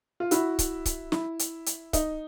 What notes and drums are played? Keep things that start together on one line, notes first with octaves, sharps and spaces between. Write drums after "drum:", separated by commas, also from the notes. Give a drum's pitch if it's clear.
F4
E4 F#4, drum: hi-hat
drum: kick C#1, hi-hat
drum: kick C#1, hi-hat
E4, drum: snare
drum: hi-hat
drum: hi-hat
D#4, drum: kick C#1, hi-hat